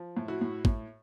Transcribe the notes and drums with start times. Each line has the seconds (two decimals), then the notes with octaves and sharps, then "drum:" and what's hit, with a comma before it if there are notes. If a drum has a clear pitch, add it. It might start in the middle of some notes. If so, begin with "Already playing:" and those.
Already playing: F3
0.17 A2
0.28 E4 F#4
0.41 A2
0.65 A2, drum: kick